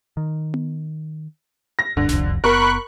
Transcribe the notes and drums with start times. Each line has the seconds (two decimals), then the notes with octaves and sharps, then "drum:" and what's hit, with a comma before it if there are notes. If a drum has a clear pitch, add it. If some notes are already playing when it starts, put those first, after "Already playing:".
0.17 D#3
0.54 drum: tom B3
1.79 A#6
1.97 D1 G2 D3
2.09 F#1 C2 F2, drum: snare D1
2.44 F#1 B3 A#4 B5 C#6 F#6